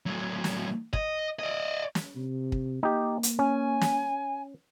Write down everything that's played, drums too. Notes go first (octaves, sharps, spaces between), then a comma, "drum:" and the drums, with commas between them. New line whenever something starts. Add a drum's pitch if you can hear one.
A2 F#3
drum: snare
D#5, drum: kick
D5 D#5
drum: snare
C3
drum: kick
A#3 D#4 G4
drum: hi-hat
C#4 G#5
drum: snare